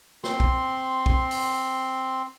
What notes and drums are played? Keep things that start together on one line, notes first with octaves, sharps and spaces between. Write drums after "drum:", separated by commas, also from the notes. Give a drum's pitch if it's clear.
C4 C6, drum: snare
drum: kick
drum: kick
drum: open hi-hat